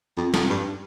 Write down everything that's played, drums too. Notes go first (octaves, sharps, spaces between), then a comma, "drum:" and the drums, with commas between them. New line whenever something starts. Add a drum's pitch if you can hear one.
F2
F2, drum: snare
G2